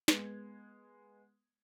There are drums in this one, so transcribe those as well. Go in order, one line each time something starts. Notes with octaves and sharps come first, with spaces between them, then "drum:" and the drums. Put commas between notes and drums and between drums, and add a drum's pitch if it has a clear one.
G#3 B3 G#6, drum: snare